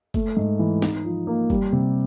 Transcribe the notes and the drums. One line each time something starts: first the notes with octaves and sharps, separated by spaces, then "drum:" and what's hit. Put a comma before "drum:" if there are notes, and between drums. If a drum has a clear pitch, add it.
A3, drum: kick F#1
G#2
E3
D#4, drum: snare B3
F3
A#3
G3, drum: kick F#1
C3